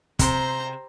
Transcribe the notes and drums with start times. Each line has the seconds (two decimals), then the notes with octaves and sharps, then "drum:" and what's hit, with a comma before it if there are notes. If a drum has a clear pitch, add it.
0.19 C3 C5 A#5, drum: kick, hi-hat